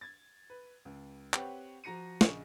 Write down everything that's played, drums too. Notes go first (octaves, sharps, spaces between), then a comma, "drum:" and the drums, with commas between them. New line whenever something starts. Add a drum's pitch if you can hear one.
G#6 A6
B4
C#2
C4 G4 B4 C#5 F#5 G5, drum: clap
F3 F#4 A#5 A#6 C#7 D#7
A#1 C#3 G#4 D#5 C#6, drum: snare